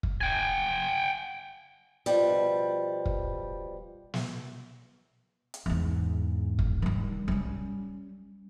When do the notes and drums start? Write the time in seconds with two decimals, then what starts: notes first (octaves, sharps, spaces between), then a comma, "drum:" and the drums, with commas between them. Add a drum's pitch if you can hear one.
0.03 drum: kick
0.21 G5 G#5
2.06 B2 F3 G3, drum: hi-hat
3.05 drum: kick
4.14 drum: snare
5.54 drum: hi-hat
5.66 E2 G#2
6.59 drum: kick
6.82 D#3 G3
7.28 G3 C#4